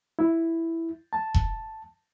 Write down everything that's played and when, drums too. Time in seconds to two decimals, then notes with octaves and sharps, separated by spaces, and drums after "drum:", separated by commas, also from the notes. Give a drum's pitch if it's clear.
0.19 E4
1.13 A5
1.34 drum: kick E1